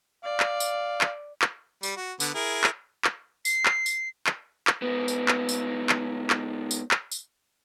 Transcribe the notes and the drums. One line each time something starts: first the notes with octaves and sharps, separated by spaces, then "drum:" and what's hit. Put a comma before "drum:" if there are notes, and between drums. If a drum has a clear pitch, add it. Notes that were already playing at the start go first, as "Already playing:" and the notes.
D5 F5
drum: clap
drum: tambourine
drum: clap
drum: clap
G3, drum: tambourine
F#4
D3 B3, drum: tambourine
E4 G#4 A#4
drum: clap
drum: clap
C7, drum: tambourine
drum: clap
drum: tambourine
drum: clap
drum: clap
G#2 B3
drum: tambourine
drum: clap
drum: tambourine
drum: clap
drum: clap
drum: tambourine
drum: clap
drum: tambourine